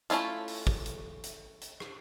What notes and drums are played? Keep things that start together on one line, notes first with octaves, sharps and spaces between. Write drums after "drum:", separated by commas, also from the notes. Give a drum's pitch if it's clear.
A3 C#4 E4 F4, drum: hi-hat
drum: open hi-hat
drum: kick
drum: hi-hat
drum: hi-hat
drum: hi-hat
drum: rim click